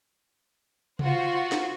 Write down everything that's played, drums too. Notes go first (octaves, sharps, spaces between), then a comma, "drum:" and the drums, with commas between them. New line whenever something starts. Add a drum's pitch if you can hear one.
F4 F#4 C5 F#5, drum: tom C3
drum: snare